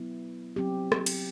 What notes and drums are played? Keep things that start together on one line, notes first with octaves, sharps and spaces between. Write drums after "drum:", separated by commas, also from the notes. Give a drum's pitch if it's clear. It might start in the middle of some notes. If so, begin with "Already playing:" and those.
Already playing: F#3 B3 E4
F#3 C4 G4
drum: rim click
drum: cymbal